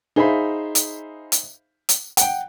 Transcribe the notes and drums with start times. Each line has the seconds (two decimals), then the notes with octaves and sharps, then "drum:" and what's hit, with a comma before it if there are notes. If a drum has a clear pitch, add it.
0.16 D#4 G#4 C5 E5 F5 B5
0.75 drum: hi-hat
1.32 drum: hi-hat
1.89 drum: hi-hat
2.17 F#5 G5, drum: hi-hat